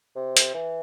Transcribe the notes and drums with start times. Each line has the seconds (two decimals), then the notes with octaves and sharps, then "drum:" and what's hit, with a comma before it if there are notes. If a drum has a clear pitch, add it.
0.16 C3
0.37 drum: hi-hat
0.54 E3